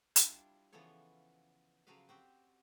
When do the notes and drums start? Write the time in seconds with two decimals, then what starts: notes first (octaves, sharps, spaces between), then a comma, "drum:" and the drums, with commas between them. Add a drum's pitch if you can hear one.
0.16 G3 D4 E4 F4 E5, drum: hi-hat
0.73 C#3 E3 F3 B3 A4 C#5
1.87 C#3 F3 F#3 F#4 B4 F5
2.09 C4 F#4 G4